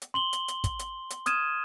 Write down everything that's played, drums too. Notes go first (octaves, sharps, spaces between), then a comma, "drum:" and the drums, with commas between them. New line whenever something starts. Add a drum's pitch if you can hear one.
drum: hi-hat
C6 F#7 G7
drum: hi-hat
drum: hi-hat
drum: kick, hi-hat
drum: hi-hat
drum: hi-hat
D#6 F6 G#6 D#7 E7, drum: hi-hat